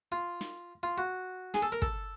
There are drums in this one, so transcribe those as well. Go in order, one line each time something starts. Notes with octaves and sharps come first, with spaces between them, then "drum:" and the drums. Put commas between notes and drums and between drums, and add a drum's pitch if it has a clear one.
F4
drum: snare
F4
F#4
G#4, drum: snare
A4
A#4
A4, drum: kick